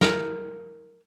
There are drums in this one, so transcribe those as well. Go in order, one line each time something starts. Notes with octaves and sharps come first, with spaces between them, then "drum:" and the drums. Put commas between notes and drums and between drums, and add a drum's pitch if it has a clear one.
A#4, drum: snare